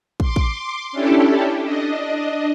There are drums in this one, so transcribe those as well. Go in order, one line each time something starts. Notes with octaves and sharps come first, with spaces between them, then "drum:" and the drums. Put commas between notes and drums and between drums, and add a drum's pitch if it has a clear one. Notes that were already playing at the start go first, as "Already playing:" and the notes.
C6 D6, drum: kick
drum: kick
C#4 D4 E4 G4 A4
D4 D#5